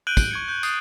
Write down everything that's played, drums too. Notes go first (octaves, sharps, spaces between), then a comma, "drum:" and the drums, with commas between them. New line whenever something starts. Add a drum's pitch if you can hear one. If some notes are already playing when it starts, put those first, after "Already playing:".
F#6 G6 D7 D#7 F#7 G7
drum: kick, tambourine
C#6 G#6 C#7
G6
D#6 A6 C7, drum: tambourine